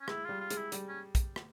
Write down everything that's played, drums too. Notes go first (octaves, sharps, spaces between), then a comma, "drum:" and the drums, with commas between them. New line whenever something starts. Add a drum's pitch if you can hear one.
C#4
G#3 E4, drum: rim click
G3 F4
F4
G#3, drum: hi-hat
E4
G3, drum: hi-hat
C#4
drum: kick, hi-hat
drum: rim click